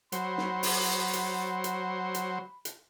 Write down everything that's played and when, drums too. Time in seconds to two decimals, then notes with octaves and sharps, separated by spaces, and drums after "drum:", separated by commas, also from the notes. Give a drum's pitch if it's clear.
0.12 F#3 C5 B5, drum: hi-hat
0.38 drum: snare
0.63 drum: open hi-hat
1.13 drum: hi-hat
1.64 drum: hi-hat
2.14 drum: hi-hat
2.65 drum: hi-hat